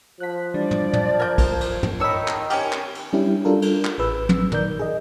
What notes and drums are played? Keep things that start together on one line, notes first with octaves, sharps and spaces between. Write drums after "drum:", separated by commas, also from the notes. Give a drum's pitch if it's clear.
F3 F#6 B6
E3 G3 D4 D5
drum: tom
drum: tom
A#4 G6 G#6
drum: kick, cymbal
drum: cymbal
drum: tom
D#3 D#4 C#5 A5 B5 E6
drum: clap
C#4 F4 G4 G#5 F6, drum: cymbal
drum: clap
drum: cymbal
G3 C#4 D4 E4 G4
G3 D4 F4 A4 A#4
drum: cymbal
drum: clap
A1 G#4 B4 E6
drum: tom
D#3 A#4 D5 G6, drum: tom
G#4 D#5